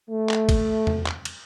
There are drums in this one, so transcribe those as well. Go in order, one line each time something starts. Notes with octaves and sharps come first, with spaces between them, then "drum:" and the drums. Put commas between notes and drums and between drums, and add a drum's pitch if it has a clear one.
A3
drum: clap
drum: kick, cymbal
drum: tom
drum: clap
drum: cymbal